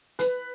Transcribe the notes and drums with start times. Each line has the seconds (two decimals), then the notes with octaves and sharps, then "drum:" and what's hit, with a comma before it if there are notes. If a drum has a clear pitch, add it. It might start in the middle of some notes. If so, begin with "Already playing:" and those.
0.19 B4, drum: hi-hat